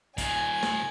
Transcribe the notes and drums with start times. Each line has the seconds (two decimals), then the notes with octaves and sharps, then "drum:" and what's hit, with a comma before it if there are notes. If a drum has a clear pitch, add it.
0.18 A#2 D#3 G#5, drum: kick, hi-hat
0.63 drum: snare